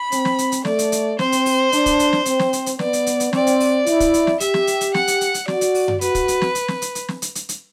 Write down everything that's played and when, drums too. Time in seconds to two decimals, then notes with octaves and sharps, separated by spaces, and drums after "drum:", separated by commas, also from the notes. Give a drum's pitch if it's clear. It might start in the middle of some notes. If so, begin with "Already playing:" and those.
Already playing: B5
0.12 C4, drum: hi-hat
0.25 drum: snare
0.38 drum: hi-hat
0.52 drum: hi-hat
0.65 A3 D5, drum: snare
0.79 drum: hi-hat
0.92 drum: hi-hat
1.19 C4 C5, drum: snare
1.32 drum: hi-hat
1.46 drum: open hi-hat
1.72 D4, drum: hi-hat
1.86 drum: kick, hi-hat
1.99 drum: hi-hat
2.13 drum: snare
2.26 C4, drum: hi-hat
2.39 drum: snare
2.53 drum: hi-hat
2.66 drum: hi-hat
2.79 B3 D5, drum: snare
2.93 drum: hi-hat
3.06 drum: hi-hat
3.20 drum: hi-hat
3.33 C4 D5, drum: snare
3.47 drum: hi-hat
3.60 drum: open hi-hat
3.86 E4, drum: hi-hat
4.00 drum: kick, hi-hat
4.14 drum: hi-hat
4.27 drum: snare
4.40 G4 E5, drum: hi-hat
4.54 drum: snare
4.67 drum: hi-hat
4.81 drum: hi-hat
4.94 F#5, drum: snare
5.08 drum: hi-hat
5.21 drum: hi-hat
5.34 drum: hi-hat
5.48 F#4 D5, drum: snare
5.61 drum: hi-hat
5.75 drum: open hi-hat
5.88 drum: tom F#2
6.01 F#4 B4, drum: hi-hat
6.15 drum: kick, hi-hat
6.28 drum: hi-hat
6.42 drum: snare
6.55 drum: hi-hat
6.68 drum: snare
6.82 drum: hi-hat
6.95 drum: hi-hat
7.09 drum: snare
7.22 drum: hi-hat
7.35 drum: hi-hat
7.49 drum: hi-hat